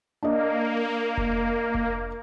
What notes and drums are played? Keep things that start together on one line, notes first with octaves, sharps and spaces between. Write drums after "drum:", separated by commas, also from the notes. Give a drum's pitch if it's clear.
A#3 D4 D#5
drum: kick F1
drum: kick F1